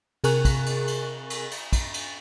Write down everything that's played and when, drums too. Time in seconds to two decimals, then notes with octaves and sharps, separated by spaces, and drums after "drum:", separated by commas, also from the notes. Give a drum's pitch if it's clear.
0.24 C3 G#4 A#4 G#5 C#6 F#6, drum: cymbal
0.45 drum: kick, cymbal
0.66 drum: cymbal
0.87 drum: cymbal
1.30 drum: cymbal
1.51 drum: cymbal
1.73 drum: kick, cymbal
1.94 drum: cymbal